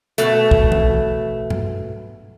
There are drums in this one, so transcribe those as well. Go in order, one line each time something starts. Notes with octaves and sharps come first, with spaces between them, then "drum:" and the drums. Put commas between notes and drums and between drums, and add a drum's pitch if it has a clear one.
B2 A3, drum: hi-hat
drum: kick B1
drum: tom E3
drum: tom G#2